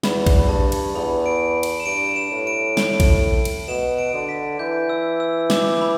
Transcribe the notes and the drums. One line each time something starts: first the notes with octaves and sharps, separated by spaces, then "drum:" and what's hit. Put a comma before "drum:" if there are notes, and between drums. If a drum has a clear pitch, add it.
E2 B5, drum: snare
drum: kick A#1, cymbal
G2 A5
drum: cymbal
E2 B5
D7
drum: cymbal
E7
G2 D7
E7
A2
D7
drum: snare
drum: kick A#1, cymbal
drum: cymbal
B2 E7
D7
D3
B6
E3 G6
E6
E6
D6, drum: snare
B5